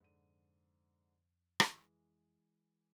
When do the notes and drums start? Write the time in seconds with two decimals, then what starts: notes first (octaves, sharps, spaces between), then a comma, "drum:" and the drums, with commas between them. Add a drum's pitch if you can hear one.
0.01 F2 G#2 D3 D#7
1.60 drum: rim click
1.70 E3 G#3